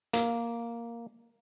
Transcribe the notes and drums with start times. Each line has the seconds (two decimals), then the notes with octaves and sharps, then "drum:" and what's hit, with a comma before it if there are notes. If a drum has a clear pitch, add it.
0.13 A#3, drum: hi-hat